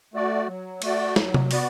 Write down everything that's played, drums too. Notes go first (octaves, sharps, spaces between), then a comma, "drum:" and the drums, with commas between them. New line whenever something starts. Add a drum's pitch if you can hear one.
A3 F#4 D5
F#3
A3 F#4 D5, drum: cymbal
F#3, drum: snare
drum: tom C3
B3 F#4 D5, drum: open hi-hat